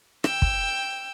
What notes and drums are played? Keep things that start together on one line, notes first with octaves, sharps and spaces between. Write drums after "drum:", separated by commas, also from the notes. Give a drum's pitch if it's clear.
G5 E6, drum: rim click
drum: kick